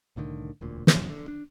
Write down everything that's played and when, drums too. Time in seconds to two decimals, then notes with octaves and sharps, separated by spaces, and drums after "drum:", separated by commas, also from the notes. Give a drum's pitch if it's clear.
0.16 C2 A2 D3 D#3
0.61 E1 D2 A#2
0.87 drum: snare
0.96 D1 B1 F#2
1.10 D3
1.28 D4